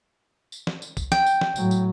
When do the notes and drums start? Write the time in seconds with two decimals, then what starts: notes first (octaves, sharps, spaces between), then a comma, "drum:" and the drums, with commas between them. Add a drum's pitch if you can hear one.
0.52 drum: tambourine
0.67 drum: snare
0.82 drum: tambourine
0.97 drum: kick B1, tambourine
1.12 G5, drum: snare
1.27 drum: tambourine
1.41 drum: snare
1.56 A2 F#3, drum: tambourine
1.71 drum: tambourine